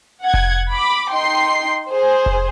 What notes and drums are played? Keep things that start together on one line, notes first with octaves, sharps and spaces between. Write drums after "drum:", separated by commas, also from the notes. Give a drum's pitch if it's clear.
F#5 G#6
drum: kick F1
B5 D6
D#4 G5 C6 C7
G#4 C5
drum: kick F1